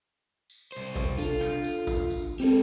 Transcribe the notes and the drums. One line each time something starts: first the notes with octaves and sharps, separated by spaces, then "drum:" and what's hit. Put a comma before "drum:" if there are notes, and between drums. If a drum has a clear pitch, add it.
drum: tambourine
C2 C5, drum: tambourine
drum: kick G#1, tambourine
D4 F4 A4, drum: tambourine
drum: clap
drum: tambourine
drum: kick G#1, tambourine
drum: tambourine
G#3 C4 G4 A4